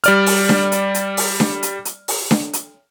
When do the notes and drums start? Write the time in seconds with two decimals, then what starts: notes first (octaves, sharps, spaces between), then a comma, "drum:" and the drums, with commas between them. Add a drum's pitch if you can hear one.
0.04 G3 D5 F6, drum: hi-hat
0.26 drum: open hi-hat
0.49 drum: snare D4
0.72 drum: hi-hat
0.94 drum: hi-hat
1.17 drum: open hi-hat
1.40 drum: snare D4
1.63 drum: hi-hat
1.85 drum: hi-hat
2.08 drum: open hi-hat
2.31 drum: snare D4
2.53 drum: hi-hat